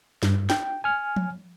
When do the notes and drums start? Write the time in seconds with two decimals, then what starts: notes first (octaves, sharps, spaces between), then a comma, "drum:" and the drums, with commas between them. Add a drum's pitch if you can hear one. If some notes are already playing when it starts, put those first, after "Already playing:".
0.23 G2, drum: snare
0.50 G5, drum: snare
0.84 G#5 F6
1.16 drum: tom F3